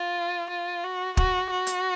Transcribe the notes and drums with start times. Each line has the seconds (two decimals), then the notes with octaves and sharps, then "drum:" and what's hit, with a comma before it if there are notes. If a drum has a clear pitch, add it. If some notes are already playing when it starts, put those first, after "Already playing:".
Already playing: F4
0.50 F4
0.84 F#4
1.17 F#4, drum: kick
1.51 F#4
1.67 drum: hi-hat